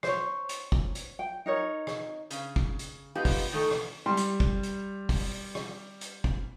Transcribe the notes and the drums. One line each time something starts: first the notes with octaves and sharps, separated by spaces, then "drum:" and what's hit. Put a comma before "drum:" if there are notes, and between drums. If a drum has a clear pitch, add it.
C5 C#5, drum: rim click
drum: hi-hat
drum: kick
drum: hi-hat
G5
D#4 A#4 C#5
drum: rim click
C#3, drum: hi-hat
drum: kick
drum: hi-hat
B3 D#4 F4 G4
drum: kick, open hi-hat
A2 D#3 A3 A4
drum: rim click
G3 C6
drum: hi-hat
drum: kick
drum: hi-hat
drum: kick, open hi-hat
drum: rim click
drum: hi-hat
drum: kick